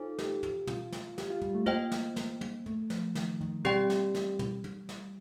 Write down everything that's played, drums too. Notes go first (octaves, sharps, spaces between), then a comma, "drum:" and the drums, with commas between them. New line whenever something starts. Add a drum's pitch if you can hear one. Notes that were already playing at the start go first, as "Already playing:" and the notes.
Already playing: D#4 F4 A4 C5
G4, drum: snare
drum: tom
F4, drum: tom
drum: snare
G4, drum: snare
F4
G3, drum: tom
A3
A#3 F4 C5 D#5 G5, drum: tom
drum: snare
drum: snare
drum: tom
A3, drum: tom
F3, drum: snare
D#3, drum: snare
D#3, drum: tom
G3 C4 G4 D5 G5, drum: tom
drum: snare
drum: snare
drum: tom
drum: tom
drum: snare